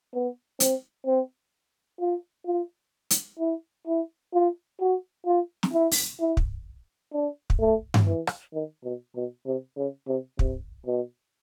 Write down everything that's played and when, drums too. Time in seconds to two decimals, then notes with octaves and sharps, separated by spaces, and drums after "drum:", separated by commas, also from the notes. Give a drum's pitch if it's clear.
0.14 B3
0.60 C4, drum: hi-hat
1.06 C4
2.01 F4
2.47 F4
3.10 drum: hi-hat
3.39 E4
3.87 E4
4.34 F4
4.80 F#4
5.26 F4
5.63 drum: snare
5.73 E4
5.91 drum: open hi-hat
6.20 E4
6.37 drum: kick
7.13 D4
7.50 drum: kick
7.60 A3
7.94 drum: tom G2
8.06 E3
8.27 drum: rim click
8.53 D#3
8.84 B2
9.16 B2
9.47 C3
9.77 C#3
10.08 C3
10.39 C3, drum: kick
10.86 B2